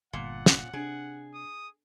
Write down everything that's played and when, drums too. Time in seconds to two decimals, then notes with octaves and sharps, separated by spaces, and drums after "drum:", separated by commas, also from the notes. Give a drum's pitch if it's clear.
0.13 G1 A#2 F#5
0.46 drum: snare
0.73 C3 D4 G#4
1.34 D#6